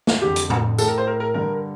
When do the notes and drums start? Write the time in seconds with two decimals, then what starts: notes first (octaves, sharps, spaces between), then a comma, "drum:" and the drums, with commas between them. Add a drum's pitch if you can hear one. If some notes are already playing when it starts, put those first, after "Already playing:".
0.07 drum: snare
0.22 F2 D3 G4
0.36 drum: hi-hat
0.50 drum: tom A2
0.78 A2 A4, drum: tambourine
0.88 A#4
0.98 C5
1.07 A#4
1.20 A#4
1.34 G2 D3 A#4